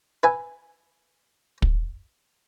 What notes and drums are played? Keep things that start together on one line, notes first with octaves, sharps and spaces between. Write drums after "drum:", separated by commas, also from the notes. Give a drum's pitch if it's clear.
B4 E5 G#5
drum: kick